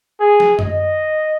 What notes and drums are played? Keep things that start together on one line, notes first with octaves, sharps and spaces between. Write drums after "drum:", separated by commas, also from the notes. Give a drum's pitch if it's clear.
G#4
drum: snare
D#5, drum: tom F#2